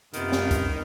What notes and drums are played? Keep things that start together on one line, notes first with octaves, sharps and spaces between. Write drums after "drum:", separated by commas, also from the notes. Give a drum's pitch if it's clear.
F#2 C3 D#3 A#3 B3 F4, drum: hi-hat
drum: snare
drum: kick, hi-hat